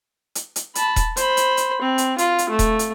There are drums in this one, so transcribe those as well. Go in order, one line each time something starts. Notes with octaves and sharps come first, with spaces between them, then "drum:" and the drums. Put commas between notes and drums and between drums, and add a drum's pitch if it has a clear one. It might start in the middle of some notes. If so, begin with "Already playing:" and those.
drum: hi-hat
drum: hi-hat
A5 B5, drum: hi-hat
drum: kick D#1, hi-hat
C5 B5, drum: hi-hat
drum: hi-hat
drum: hi-hat
C4
drum: hi-hat
F4, drum: hi-hat
drum: hi-hat
A3
drum: kick D#1, hi-hat
drum: hi-hat